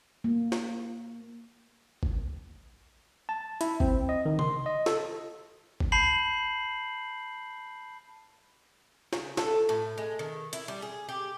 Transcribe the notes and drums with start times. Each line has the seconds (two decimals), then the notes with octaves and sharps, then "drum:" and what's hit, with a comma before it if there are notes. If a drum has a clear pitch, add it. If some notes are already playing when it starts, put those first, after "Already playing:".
0.24 A#3
0.52 drum: snare
2.03 drum: kick
3.29 A5
3.61 E4, drum: hi-hat
3.80 C4, drum: kick
4.09 D#5
4.25 D#3
4.39 C6, drum: tom C3
4.66 D#5
4.86 A4, drum: snare
5.80 drum: kick
5.92 A5 B5 G6 C7 F#7
9.13 C#3, drum: snare
9.37 A4, drum: snare
9.69 A2
9.98 G#3
10.19 D#3
10.53 E4, drum: hi-hat
10.68 G3
10.82 G#4
11.09 G4